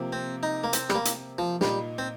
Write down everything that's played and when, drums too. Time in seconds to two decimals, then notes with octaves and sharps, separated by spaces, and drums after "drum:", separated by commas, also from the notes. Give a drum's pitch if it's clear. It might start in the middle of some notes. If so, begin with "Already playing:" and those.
Already playing: C3 F3 A#3
0.13 C4
0.43 D#4
0.64 A#3
0.73 C4, drum: hi-hat
0.90 G3, drum: rim click
0.95 A#3
1.05 drum: hi-hat
1.38 F3
1.61 A#2 G3 A#3 D#4, drum: snare
1.98 C4